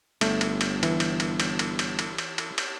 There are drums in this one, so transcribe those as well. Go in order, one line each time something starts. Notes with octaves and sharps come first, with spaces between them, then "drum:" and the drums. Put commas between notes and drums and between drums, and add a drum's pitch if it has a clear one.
G1 A3, drum: cymbal
drum: cymbal
drum: cymbal
E3, drum: cymbal
drum: cymbal
drum: cymbal
drum: cymbal
drum: cymbal
drum: cymbal
drum: cymbal
drum: cymbal
drum: cymbal
drum: cymbal